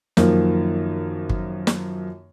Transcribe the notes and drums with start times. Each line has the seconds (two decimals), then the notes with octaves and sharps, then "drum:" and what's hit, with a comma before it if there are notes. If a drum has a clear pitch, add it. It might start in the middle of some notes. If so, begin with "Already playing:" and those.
0.17 F#2 D#3 F3 A#3, drum: snare
1.29 drum: kick
1.67 drum: snare